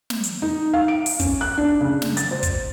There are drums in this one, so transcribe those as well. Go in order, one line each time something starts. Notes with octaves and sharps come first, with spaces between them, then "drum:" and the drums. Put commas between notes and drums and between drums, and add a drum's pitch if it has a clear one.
drum: snare
drum: hi-hat
D#4
F5
D7
drum: open hi-hat
C#4, drum: kick, hi-hat
F#6
D4
C#3
drum: snare
A6, drum: hi-hat
C5
drum: kick, hi-hat